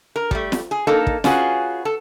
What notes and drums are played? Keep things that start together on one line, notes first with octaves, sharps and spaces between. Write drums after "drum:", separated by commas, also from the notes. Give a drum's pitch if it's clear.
A#4
G3 A3, drum: kick
drum: snare
G#4
A#3 D#4 A4
drum: kick
C#4 F4 F#4 G#4 B4, drum: snare
A4